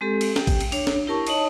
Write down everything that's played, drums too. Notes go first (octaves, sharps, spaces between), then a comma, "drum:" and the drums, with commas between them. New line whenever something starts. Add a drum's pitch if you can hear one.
G#3 C4 G4 A4
drum: cymbal
G4 G5, drum: snare
drum: kick, cymbal
drum: cymbal
D4 C#5, drum: cymbal
drum: snare
E4 G4 A#4 A5 C#6
D#4 C#5 D#5 A5 D#6, drum: cymbal